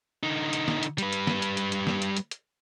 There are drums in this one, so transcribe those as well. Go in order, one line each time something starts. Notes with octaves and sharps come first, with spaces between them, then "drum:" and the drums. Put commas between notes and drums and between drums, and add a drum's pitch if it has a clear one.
D3 D#4
drum: hi-hat
drum: snare
drum: hi-hat
G3 B4, drum: hi-hat
drum: hi-hat
drum: snare
drum: hi-hat
drum: hi-hat
drum: hi-hat
drum: snare
drum: hi-hat
drum: hi-hat
drum: hi-hat